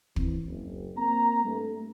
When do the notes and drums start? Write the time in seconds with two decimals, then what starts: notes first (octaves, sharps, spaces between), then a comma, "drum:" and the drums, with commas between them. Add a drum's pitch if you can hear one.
0.16 E3 C4, drum: kick
0.47 F#1
0.97 A#3 C4 A#5
1.45 G2 A3